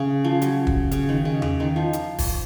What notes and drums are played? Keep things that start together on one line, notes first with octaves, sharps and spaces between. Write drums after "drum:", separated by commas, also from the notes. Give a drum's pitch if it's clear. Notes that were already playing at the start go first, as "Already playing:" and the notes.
Already playing: C#3
F3
F#3, drum: hi-hat
drum: kick
C#3, drum: hi-hat
D#3
C#3
C#3, drum: tom E2
D#3
F3
drum: hi-hat
drum: kick, open hi-hat